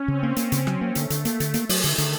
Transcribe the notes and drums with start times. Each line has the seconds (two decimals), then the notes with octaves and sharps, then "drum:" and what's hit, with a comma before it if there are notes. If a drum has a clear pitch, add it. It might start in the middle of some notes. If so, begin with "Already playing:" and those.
Already playing: C#4
0.08 C#3 C4
0.23 A#3
0.36 A#3 C#4, drum: hi-hat
0.52 C#3, drum: hi-hat
0.67 F#3, drum: rim click
0.81 A#3
0.95 D3 A3, drum: hi-hat
1.10 D3, drum: hi-hat
1.25 A#3, drum: hi-hat
1.40 D3, drum: hi-hat
1.54 A3 A#3, drum: hi-hat
1.69 F#3, drum: open hi-hat
1.84 D3 D#3, drum: hi-hat
1.98 D3, drum: hi-hat